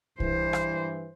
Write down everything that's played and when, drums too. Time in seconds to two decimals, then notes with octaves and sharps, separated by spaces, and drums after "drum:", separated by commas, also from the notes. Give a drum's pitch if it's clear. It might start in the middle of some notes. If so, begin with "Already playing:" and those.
0.20 G2 E3 C5, drum: kick B1
0.53 drum: rim click